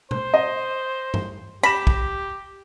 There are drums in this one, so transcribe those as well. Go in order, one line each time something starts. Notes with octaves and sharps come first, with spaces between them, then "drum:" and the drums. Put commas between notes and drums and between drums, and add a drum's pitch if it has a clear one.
C5, drum: tom B2
D#5
drum: tom G2
G4 B5 A#6 E7
drum: kick